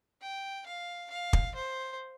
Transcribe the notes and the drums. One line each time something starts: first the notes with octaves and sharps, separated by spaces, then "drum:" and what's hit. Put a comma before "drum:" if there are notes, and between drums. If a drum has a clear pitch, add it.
G5
F5
F5
drum: kick
C5